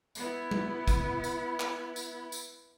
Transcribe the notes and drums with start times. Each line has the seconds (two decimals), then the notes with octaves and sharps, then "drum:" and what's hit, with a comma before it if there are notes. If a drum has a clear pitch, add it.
0.15 B3 E4, drum: tambourine
0.51 drum: tom G3
0.88 drum: kick, tambourine
1.24 drum: tambourine
1.60 drum: clap
1.96 drum: tambourine
2.32 drum: tambourine